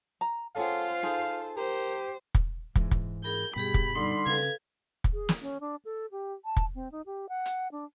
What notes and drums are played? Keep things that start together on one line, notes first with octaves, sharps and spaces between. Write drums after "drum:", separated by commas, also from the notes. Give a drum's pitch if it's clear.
A#5
C#4 F4 G#4 A4 C5 F5 F#5
D#4 G#4 A4
G4 A#4 C5
drum: kick
G#2 E3 G#3, drum: kick
drum: kick
G#4 A#4 B5 G6
G2 B2 G3 G4 G#4 B5
drum: kick
D3 G3 D#4 C6
C#3 A4 B4 F5 G#6
drum: kick
G#4
drum: snare
C#4
D4
A4
G4
A5
drum: kick
C4
D#4
G4
F#5
drum: hi-hat
D4